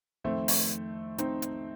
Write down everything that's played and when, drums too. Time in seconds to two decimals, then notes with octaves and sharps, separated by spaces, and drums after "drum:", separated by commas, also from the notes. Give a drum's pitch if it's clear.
0.24 F2 D#3 A3 C4
0.48 drum: open hi-hat
1.18 C4 D#4, drum: hi-hat
1.42 drum: hi-hat